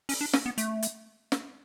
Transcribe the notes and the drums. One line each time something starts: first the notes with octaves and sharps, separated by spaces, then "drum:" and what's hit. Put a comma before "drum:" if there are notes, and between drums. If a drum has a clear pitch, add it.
C#4, drum: open hi-hat
D4
C#4, drum: snare
B3
A3, drum: hi-hat
drum: hi-hat
drum: snare